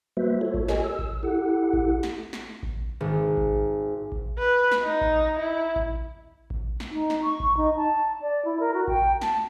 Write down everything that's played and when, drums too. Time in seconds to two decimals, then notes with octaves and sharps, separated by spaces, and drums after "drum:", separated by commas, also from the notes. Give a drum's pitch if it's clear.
0.17 G3 A#3 F#4 B4 C5 E5
0.41 F4 A4 C#5
0.54 drum: kick A1
0.68 G4 A4 A#4 C#5 D#5 G#5, drum: snare
0.84 E6
0.99 drum: kick A1
1.23 E4 G4 A4 F#5
1.73 drum: kick A1
2.03 drum: snare
2.33 drum: snare
2.63 drum: kick A1
3.01 G#1
3.37 drum: kick A1
4.12 drum: kick A1
4.38 B4
4.71 drum: snare
4.83 D#4
5.01 drum: kick A1
5.39 E4
5.76 drum: kick A1
6.50 drum: kick A1
6.80 drum: snare
6.90 D#4
7.10 drum: snare
7.22 C#6
7.40 drum: kick A1
7.57 D#4
7.77 A5
8.21 D5
8.45 E4
8.60 A#4
8.74 F#4
8.88 G5, drum: kick A1
9.21 A5, drum: snare